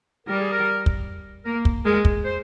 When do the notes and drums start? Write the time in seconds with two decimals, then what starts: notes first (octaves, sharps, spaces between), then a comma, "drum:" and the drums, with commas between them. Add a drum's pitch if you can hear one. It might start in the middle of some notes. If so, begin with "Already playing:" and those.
0.27 G3 A#4
0.40 G#4
0.52 A#4
0.86 drum: kick
1.45 A#3 A#4
1.65 drum: kick
1.85 G#3 A#4
2.05 drum: kick
2.24 C5